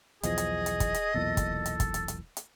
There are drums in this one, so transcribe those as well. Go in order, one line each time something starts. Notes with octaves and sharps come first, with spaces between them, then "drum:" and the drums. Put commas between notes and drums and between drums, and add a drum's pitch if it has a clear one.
B1 E2 F3 G#4 D#5, drum: hi-hat
drum: hi-hat
drum: hi-hat
drum: kick, hi-hat
drum: hi-hat
B1 E2 A#2 A4
drum: kick, hi-hat
drum: hi-hat
drum: kick, hi-hat
drum: hi-hat
drum: hi-hat
drum: hi-hat